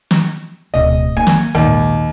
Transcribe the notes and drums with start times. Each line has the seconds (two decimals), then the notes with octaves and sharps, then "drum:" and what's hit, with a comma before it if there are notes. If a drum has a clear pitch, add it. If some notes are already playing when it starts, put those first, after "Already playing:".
0.11 drum: snare
0.74 D1 B2 D#5
1.17 A#3 G#5
1.27 drum: snare
1.55 A#1 D#2 G#2